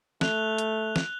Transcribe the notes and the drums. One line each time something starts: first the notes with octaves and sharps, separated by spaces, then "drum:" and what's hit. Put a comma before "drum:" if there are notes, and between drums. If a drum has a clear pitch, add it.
A3 F#6 F7 G7, drum: snare
drum: hi-hat
drum: snare